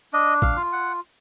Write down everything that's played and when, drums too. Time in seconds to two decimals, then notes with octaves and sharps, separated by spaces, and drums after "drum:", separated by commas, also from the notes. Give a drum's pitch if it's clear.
0.13 D4 D#5
0.42 F5, drum: kick A1
0.57 F4
0.72 F#5